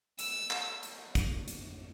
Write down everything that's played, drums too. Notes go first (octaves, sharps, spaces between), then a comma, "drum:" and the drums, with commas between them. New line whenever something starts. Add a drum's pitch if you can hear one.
E6, drum: hi-hat
drum: clap
drum: hi-hat
drum: kick, hi-hat
drum: hi-hat